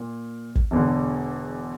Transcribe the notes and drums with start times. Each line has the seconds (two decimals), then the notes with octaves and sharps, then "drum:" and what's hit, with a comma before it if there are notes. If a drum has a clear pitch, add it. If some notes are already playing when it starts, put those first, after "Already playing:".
Already playing: A#2
0.55 drum: kick
0.71 E1 E2 D3